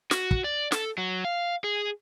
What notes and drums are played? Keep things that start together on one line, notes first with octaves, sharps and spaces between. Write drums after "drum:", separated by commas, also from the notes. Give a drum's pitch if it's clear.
F#4, drum: snare
drum: kick
D5
A4, drum: snare
F#3
F5
G#4